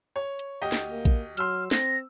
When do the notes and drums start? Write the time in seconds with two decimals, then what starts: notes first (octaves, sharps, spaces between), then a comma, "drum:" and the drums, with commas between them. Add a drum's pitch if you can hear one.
0.16 C#5
0.39 drum: hi-hat
0.62 D2 G4 D#5
0.72 drum: snare
0.90 A#3
1.05 drum: kick A#1, hi-hat
1.37 F#3 C6 E6 F6 E7, drum: hi-hat
1.71 C4 A#6, drum: snare